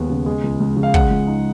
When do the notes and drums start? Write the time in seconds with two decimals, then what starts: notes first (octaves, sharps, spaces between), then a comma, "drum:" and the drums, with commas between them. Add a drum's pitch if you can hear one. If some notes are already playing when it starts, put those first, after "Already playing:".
Already playing: D#2 G#3 B3
0.10 C#3
0.26 G#3
0.43 C#2
0.60 C#2
0.76 C#3
0.83 F5
0.94 G#3 F#5, drum: kick
1.11 C#2
1.27 D#4